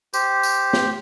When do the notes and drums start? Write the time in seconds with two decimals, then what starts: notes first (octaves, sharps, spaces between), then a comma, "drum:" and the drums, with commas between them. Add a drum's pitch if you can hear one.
0.13 G4 C5, drum: tambourine
0.43 drum: tambourine
0.73 drum: snare